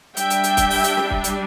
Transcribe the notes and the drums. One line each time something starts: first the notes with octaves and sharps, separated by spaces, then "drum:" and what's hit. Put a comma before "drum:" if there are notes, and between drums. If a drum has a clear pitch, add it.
G3 D4 E5 G5, drum: hi-hat
drum: hi-hat
drum: hi-hat
drum: kick, hi-hat
drum: open hi-hat
drum: hi-hat
drum: snare
drum: kick
drum: hi-hat